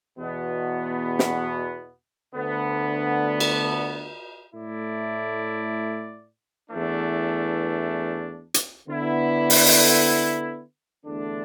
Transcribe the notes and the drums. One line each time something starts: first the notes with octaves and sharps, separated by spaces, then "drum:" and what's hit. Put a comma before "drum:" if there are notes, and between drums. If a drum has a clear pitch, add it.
E2 B2 B3
drum: snare
D2 D3 B3
drum: cymbal
A2 A3 E4 D5
E2 E3 A3 D4
drum: hi-hat
D3 B3 E4
drum: open hi-hat
drum: open hi-hat
E2 D3 A3 D4